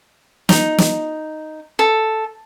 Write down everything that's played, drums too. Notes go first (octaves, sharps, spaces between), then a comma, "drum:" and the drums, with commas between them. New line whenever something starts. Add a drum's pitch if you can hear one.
D#4, drum: snare
drum: snare
A4